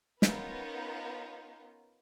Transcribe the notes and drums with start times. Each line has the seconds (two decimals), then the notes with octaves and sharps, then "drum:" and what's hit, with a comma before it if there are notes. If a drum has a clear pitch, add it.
0.22 B3 C#4 D#4 F4 A#4 B4, drum: snare